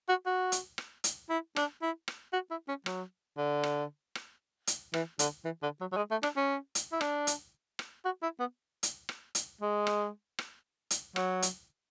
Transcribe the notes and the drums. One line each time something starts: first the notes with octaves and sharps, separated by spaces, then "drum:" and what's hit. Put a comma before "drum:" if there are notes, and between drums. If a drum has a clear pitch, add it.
F#4
F#4
drum: hi-hat
drum: rim click
drum: hi-hat
E4
D4, drum: rim click
E4
drum: rim click
F#4
E4
C#4
F#3, drum: rim click
D3
drum: rim click
drum: rim click
drum: hi-hat
E3, drum: rim click
D3, drum: hi-hat
E3
D3
F#3
F#3
G#3
A3
D4, drum: rim click
C#4
drum: hi-hat
E4
D4, drum: rim click
drum: hi-hat
drum: rim click
F#4
E4
B3
drum: hi-hat
drum: rim click
drum: hi-hat
G#3
drum: rim click
drum: rim click
drum: hi-hat
F#3, drum: rim click
drum: hi-hat